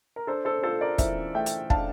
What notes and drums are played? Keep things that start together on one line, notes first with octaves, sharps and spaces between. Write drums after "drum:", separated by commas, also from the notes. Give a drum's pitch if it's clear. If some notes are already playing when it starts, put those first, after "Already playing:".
A#4
D4 A4 C5
A4 C5
F4 A4 C5
A#4 D5
E3 C5 E5, drum: kick, hi-hat
A3 E5 G5
drum: hi-hat
D4 F5 A5, drum: kick